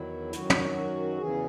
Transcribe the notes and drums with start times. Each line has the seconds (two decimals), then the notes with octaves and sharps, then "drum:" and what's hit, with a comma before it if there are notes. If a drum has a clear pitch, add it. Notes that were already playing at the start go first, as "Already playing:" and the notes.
Already playing: E2 D#3 F#3 E4
0.33 F#2 D#3 F#3 F#4, drum: hi-hat
0.50 drum: tom
1.18 E2 C#3 E3 G#4